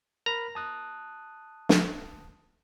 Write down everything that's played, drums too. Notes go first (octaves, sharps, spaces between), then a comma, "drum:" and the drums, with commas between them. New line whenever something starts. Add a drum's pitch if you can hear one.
A#4 A#5 B5
A5 D#6 F#6
drum: snare